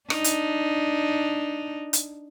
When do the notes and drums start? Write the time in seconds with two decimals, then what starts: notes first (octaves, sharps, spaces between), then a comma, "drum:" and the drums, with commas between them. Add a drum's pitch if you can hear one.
0.10 D4 D#4, drum: rim click
0.24 drum: hi-hat
1.93 drum: hi-hat